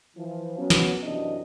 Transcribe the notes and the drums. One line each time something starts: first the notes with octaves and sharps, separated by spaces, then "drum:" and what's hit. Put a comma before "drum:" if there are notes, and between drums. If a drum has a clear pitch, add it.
E3 F3
F#3 B3 C#4
drum: snare
F#2 C3 E3 D4 D#5